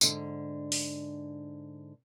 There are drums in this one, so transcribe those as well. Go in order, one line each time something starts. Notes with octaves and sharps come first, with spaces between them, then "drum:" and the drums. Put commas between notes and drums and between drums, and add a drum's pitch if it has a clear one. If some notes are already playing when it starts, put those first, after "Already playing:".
G#2 D3, drum: tambourine
drum: open hi-hat